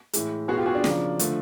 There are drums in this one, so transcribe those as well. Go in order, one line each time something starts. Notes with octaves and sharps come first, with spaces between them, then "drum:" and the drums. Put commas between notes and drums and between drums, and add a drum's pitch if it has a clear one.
A2 E3 G#3, drum: hi-hat
B2 G#3 B3 F#4 G#4
F4 G4
F#4 G#4
D4
C#3 F3 A#3, drum: snare
D3 F3 A3, drum: hi-hat